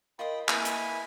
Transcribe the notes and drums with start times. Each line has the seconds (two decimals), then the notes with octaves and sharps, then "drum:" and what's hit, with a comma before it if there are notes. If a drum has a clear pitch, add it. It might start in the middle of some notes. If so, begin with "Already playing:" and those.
0.19 F4 A#4 D#5 G5 B5 C6 D#6
0.48 A#3 E4 A#4 B4 D#5 E5 G#5 D#6, drum: clap
0.65 drum: hi-hat